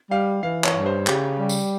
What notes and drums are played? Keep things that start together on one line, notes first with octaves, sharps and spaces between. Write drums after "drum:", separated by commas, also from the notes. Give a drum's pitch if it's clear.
G3 F5
E3 F5
C#5, drum: clap
G2
C5
C#3 G4, drum: clap
G3
drum: tambourine